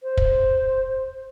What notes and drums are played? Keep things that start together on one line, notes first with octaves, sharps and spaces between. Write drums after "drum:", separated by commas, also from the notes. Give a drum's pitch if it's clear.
C5
drum: kick